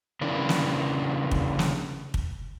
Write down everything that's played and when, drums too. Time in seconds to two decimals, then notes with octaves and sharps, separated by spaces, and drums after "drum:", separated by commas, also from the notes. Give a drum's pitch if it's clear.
0.21 C#3 E3 A#3 D4
0.49 drum: snare
1.31 drum: kick
1.59 drum: snare
2.14 drum: kick